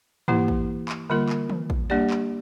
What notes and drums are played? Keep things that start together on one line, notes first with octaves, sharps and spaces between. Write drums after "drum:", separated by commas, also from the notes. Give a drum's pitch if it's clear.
E3 A#3 E4 G4, drum: tom
drum: kick
drum: clap
D3 G3 A#3 F4 A#4
drum: clap
drum: tom
drum: kick
G3 A#3 D4 G4 D5
drum: clap